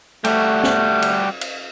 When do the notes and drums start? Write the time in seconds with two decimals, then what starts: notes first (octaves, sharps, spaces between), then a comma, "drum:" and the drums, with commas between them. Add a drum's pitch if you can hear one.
0.25 G3 A3 F#4, drum: cymbal
0.63 drum: snare
1.02 drum: cymbal
1.41 drum: cymbal